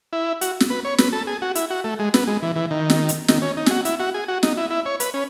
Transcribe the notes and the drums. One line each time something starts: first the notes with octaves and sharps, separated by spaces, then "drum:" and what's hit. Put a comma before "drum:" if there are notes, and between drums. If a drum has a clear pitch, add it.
E4
F#4, drum: hi-hat
drum: snare
B4
C#5
B4, drum: snare
A4
G#4
F#4
E4, drum: hi-hat
F#4
A3
G#3
B3, drum: snare
G#3
E3
E3
D#3
drum: snare
drum: hi-hat
D#3, drum: snare
C#4
D#4
G#4, drum: snare
F#4
E4, drum: hi-hat
F#4
G#4
F#4
D#4, drum: snare
E4
E4
C#5
B4, drum: hi-hat
C#4